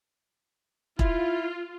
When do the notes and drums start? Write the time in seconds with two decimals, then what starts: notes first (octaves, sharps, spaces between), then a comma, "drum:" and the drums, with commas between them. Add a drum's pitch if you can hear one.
0.99 E4 F4, drum: kick E1